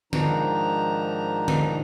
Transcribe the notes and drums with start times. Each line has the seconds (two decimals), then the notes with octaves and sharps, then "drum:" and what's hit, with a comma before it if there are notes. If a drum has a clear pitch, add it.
0.13 G#2 D#3 F3 D4 D#4 A#5, drum: tom D3
1.48 drum: tom D3